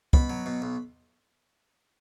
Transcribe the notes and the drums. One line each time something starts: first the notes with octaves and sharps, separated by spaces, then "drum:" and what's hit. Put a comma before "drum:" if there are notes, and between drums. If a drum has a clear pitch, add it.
B2 B5, drum: kick
F#3
B2
B1